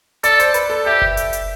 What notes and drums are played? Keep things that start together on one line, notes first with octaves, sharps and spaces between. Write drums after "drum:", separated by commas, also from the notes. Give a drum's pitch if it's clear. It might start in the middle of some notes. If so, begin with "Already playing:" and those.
A4 D5, drum: hi-hat
C5, drum: hi-hat
B4, drum: hi-hat
A4
G4 E5
drum: kick F#1
drum: hi-hat
drum: hi-hat